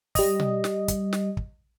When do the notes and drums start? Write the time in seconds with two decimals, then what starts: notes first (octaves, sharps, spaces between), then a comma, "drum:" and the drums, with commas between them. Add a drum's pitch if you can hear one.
0.15 G3 D#5, drum: kick, open hi-hat
0.40 drum: tom B2
0.64 drum: snare
0.88 drum: kick, hi-hat
1.13 drum: snare
1.37 drum: kick